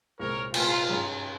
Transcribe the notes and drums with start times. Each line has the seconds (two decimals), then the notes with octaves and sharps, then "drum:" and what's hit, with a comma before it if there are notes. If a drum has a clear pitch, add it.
0.20 C2 A#2 G#3 C4 A#4 C#5
0.54 C2 A#2 G#3 C4 F4, drum: cymbal
0.89 G2 D#3 G3 C#4 G#4